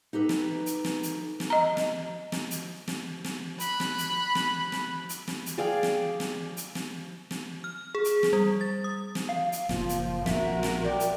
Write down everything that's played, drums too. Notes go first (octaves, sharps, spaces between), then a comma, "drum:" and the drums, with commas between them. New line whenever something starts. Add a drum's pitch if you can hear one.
D#4 G4 A4 B4
drum: snare
drum: hi-hat
drum: snare
drum: hi-hat
drum: snare
D#5 A#5
drum: snare
drum: snare
drum: hi-hat
drum: snare
drum: snare
B5 F#6, drum: hi-hat
drum: snare
drum: hi-hat
drum: snare
drum: snare
drum: hi-hat
drum: snare
drum: hi-hat
G#4 D5 F5 G5
drum: snare
drum: snare
drum: hi-hat
drum: snare
drum: snare
F6
G#4
drum: hi-hat
drum: snare
G3
A6
D#6
drum: snare
F5
drum: hi-hat
F#1 A#2 F3, drum: snare
drum: hi-hat
A#1 F#4 A#4 E5, drum: snare
drum: snare
G3 G4
drum: hi-hat